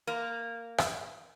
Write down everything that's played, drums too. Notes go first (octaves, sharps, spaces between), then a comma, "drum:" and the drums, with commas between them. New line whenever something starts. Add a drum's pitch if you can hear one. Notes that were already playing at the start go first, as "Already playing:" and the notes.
A#3
drum: rim click